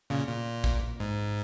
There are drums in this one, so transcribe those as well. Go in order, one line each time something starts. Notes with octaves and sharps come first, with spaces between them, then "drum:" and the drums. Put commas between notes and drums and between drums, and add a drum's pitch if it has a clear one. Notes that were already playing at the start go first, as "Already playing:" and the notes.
A#2 C#3
A#2
drum: kick A1, tambourine
G#2